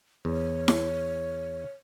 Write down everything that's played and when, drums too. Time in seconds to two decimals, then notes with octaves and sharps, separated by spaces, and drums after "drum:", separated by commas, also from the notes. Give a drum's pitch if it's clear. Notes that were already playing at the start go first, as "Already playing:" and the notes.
0.25 E2 C#5
0.68 drum: snare E4